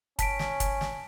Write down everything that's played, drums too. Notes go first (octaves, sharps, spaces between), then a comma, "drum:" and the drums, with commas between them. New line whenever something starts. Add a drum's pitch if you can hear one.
C#4 A5 B6 D7, drum: kick, hi-hat
drum: snare
drum: kick, hi-hat
drum: snare